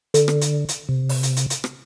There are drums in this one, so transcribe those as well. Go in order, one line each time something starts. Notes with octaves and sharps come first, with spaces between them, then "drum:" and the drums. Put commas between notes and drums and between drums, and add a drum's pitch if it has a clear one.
D3, drum: hi-hat
drum: rim click
drum: hi-hat
drum: hi-hat
C3
drum: open hi-hat
drum: hi-hat
drum: hi-hat
drum: hi-hat
drum: rim click